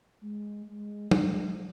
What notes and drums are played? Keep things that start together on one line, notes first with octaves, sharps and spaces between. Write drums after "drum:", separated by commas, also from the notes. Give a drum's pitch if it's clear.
G#3
G#3
G#3, drum: tom